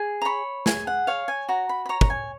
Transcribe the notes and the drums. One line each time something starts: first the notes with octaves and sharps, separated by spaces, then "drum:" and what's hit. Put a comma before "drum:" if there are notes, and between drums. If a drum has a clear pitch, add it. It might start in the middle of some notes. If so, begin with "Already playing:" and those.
Already playing: G#4
A#5
C#5 B5
G#4 G#5, drum: snare
F#5
C#5 F5
G#5
F#4 A#5
B5
B5
C#5 A#5
A#5, drum: kick
G#5